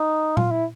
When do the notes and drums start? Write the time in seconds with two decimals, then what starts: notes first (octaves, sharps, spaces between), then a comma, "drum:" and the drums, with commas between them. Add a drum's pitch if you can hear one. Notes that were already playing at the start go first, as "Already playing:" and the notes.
Already playing: D#4
0.37 F4, drum: tom A#2
0.51 E4